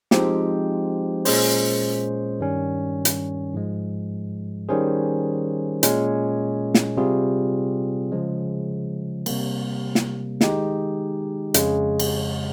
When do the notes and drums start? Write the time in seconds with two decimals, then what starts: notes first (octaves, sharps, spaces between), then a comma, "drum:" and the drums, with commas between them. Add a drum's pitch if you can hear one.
0.11 F3 G#3 C4 D#4 G4, drum: snare
1.25 A#2 G#3 C#4 G#4 C5, drum: open hi-hat
2.40 G2 D#3 G3 C#4
3.05 drum: hi-hat
3.54 G#2 F3 G#3
4.69 D#3 G3 C#4 G#4 C5
5.83 A#2 G#3 C#4, drum: hi-hat
6.74 drum: snare
6.97 C3 G3 C4 F4 G#4
8.12 C#3 F3 G#3
9.26 C3 G3 A#3, drum: cymbal
9.95 drum: snare
10.41 D#3 G#3 D#4 G4, drum: snare
11.54 F2 C#3 G#3 C#4, drum: hi-hat
12.00 drum: cymbal